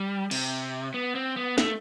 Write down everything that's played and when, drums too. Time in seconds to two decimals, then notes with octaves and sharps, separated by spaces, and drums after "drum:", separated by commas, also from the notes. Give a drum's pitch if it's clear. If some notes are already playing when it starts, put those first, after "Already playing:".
Already playing: G3
0.31 C3, drum: cymbal
0.94 B3
1.15 C4
1.37 B3
1.58 A3, drum: snare